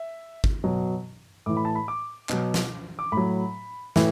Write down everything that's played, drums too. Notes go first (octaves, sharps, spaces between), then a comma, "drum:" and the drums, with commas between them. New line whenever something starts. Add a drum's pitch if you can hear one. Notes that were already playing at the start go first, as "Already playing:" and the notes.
Already playing: E5
drum: kick
B2 F#3
A2 E3 D6
B5
A5
B5
D6
B2 F#3, drum: clap
drum: snare
D6
A2 B5
F#3
A2 E3, drum: snare